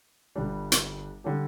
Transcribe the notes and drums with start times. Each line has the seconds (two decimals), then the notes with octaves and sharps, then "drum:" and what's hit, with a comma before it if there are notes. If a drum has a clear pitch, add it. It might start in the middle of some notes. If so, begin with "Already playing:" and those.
0.35 G1 G2 G3 D4
0.72 drum: hi-hat
1.24 D3 G3 D4 G4